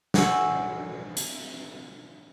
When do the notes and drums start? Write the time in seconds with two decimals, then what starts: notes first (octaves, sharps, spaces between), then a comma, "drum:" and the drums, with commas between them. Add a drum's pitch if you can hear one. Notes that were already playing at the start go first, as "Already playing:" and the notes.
0.14 F#5 G#5 C#6 E6 G6, drum: snare
1.17 drum: hi-hat